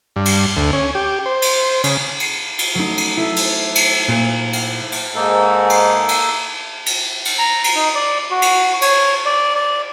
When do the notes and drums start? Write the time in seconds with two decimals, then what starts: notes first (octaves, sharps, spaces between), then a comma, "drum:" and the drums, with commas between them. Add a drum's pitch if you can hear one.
0.16 G2
0.25 drum: cymbal
0.57 D2
0.73 C#4
0.95 G4
1.26 C5
1.42 drum: cymbal
1.84 C#3, drum: cymbal
2.20 drum: cymbal
2.59 drum: cymbal
2.75 F#3 A3 D#4
2.98 drum: cymbal
3.17 E4 A4
3.36 drum: cymbal
3.75 drum: cymbal
4.08 A#2
4.53 drum: cymbal
4.92 drum: cymbal
5.15 G#2 A#3 D#4 A4
5.70 drum: cymbal
6.09 drum: cymbal
6.86 drum: cymbal
7.25 drum: cymbal
7.39 A#5
7.64 drum: cymbal
7.75 D#4
7.95 D5
8.31 F#4
8.42 drum: cymbal
8.82 C#5, drum: cymbal
9.25 D5
9.55 D5